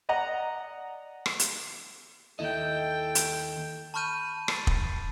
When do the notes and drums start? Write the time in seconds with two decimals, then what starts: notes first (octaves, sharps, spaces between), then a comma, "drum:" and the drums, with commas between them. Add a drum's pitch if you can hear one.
0.09 D5 D#5 F#5 A#5
1.26 drum: rim click
1.39 drum: hi-hat
2.39 D#2 E4 A4 D#5 G5
3.15 drum: hi-hat
3.94 A5 B5 C#6 F6 G6 D#7
4.48 A6, drum: rim click
4.67 drum: kick